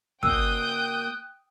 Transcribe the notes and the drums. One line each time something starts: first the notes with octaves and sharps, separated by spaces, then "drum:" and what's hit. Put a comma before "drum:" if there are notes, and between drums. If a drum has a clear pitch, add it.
A#3 F#4 G5 D#6 E6 F#6 G6, drum: kick